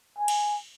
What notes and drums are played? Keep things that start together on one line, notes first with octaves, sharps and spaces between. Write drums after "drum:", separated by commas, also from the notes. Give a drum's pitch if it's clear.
G#5
drum: cymbal